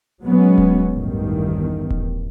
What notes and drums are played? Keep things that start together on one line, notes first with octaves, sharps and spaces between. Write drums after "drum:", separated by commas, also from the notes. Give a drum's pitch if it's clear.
F#3 G#3 B3 C#4
drum: kick D#1
A1 E2 G2 D#3
drum: kick D#1